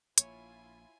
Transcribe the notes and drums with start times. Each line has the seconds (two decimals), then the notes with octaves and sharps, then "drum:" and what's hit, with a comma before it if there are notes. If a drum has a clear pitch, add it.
0.18 A#1 A#3 E4 F4 C#5 G#5, drum: hi-hat